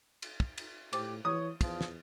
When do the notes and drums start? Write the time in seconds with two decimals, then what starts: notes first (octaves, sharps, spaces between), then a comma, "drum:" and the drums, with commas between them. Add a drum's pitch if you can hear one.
0.22 drum: cymbal
0.40 drum: kick
0.58 drum: cymbal
0.93 A2 G4 C5 D6, drum: cymbal
1.25 E3 C#5 D#6
1.61 E2 F3, drum: kick, cymbal
1.81 drum: snare